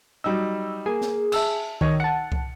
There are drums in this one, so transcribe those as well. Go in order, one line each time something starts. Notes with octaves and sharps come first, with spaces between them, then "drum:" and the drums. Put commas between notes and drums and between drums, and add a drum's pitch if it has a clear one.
F#3 G3 D#4 E6
A#3 G#4
drum: snare
E5 A5 E6, drum: cymbal
D#3 C#5 D#5, drum: kick C2
F#5 A5 C#7
drum: kick C2